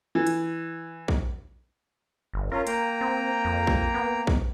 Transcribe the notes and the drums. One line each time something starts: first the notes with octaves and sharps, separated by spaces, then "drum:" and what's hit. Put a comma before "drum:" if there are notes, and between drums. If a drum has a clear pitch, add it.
E3
drum: hi-hat
drum: kick A#1
G1
C#4 F4 A#4
A#3 G5 A#5, drum: hi-hat
C4
F2
drum: kick A#1
B3
drum: kick A#1